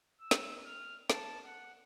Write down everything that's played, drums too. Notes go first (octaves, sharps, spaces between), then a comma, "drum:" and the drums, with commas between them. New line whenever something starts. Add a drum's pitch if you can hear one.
E6
drum: snare
F6
A5, drum: snare
F#5